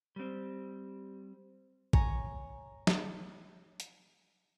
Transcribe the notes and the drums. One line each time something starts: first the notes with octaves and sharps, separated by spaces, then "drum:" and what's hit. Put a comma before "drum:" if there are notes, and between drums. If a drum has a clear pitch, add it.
G3 C4
C#5 G#5 A#5, drum: kick A1
drum: snare
drum: hi-hat